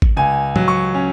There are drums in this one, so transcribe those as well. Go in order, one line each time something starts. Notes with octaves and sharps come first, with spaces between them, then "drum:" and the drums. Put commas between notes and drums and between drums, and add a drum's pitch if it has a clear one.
drum: kick
C#2 G#5
F#3, drum: tom
C#6
C#4